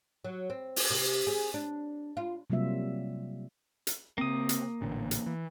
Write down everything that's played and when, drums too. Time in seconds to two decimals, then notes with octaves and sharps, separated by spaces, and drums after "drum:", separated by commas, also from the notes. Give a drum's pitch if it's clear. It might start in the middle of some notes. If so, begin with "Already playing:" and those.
0.25 F#3
0.50 C4
0.76 drum: open hi-hat
0.90 C3
1.27 G#4
1.54 D4
2.17 F4
2.50 C3 F#3 G3 A#3 F4 E5
3.87 drum: hi-hat
4.18 C#3 A#3 C4 D#6
4.49 drum: hi-hat
4.81 A1 A#2 D3
5.11 drum: hi-hat
5.27 E3